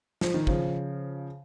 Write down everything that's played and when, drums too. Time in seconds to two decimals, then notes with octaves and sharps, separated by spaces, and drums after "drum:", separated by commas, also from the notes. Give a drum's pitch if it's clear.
0.21 F3, drum: snare
0.34 D#3
0.47 C#3 F3, drum: kick